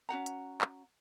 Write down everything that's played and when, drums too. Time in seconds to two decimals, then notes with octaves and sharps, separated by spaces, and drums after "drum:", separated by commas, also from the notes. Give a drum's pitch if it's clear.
0.09 C#4 F#4 F#5 A#5
0.26 drum: hi-hat
0.61 drum: clap